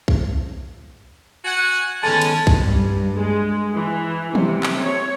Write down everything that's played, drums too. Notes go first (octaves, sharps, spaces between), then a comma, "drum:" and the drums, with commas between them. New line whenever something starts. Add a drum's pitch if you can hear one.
drum: kick
F#4 F#5 G#5
D#3 G#3 B3 C#4 A4 A5
drum: cymbal
drum: kick
G2
G#3
E3
C3, drum: tom
drum: clap
C#5